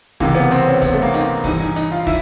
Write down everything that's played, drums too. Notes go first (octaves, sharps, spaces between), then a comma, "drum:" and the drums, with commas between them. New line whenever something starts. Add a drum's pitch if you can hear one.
C#2 C3 E3 A#3, drum: kick
B3
C4, drum: hi-hat
C#4
B3, drum: kick, hi-hat
A3
A#3
D#4, drum: hi-hat
G2 E3 D#4, drum: kick, open hi-hat
D#4
D#4, drum: hi-hat
F4
E4, drum: kick, open hi-hat